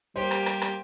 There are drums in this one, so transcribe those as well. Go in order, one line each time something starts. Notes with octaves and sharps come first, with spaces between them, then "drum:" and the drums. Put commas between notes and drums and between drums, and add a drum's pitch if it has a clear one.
G3 A#3 G4 C5
drum: rim click
drum: rim click
drum: rim click